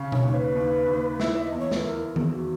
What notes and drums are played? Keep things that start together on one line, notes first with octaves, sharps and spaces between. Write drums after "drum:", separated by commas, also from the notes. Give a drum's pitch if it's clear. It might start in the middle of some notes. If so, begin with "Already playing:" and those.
Already playing: C#3
C#5, drum: tom B2
D#2
B4
D#2
D#2
E4, drum: snare
E5
E2 D#5
C#5
B4, drum: snare
E4 A#4
A#4
E2 G#4, drum: tom D#3
F#4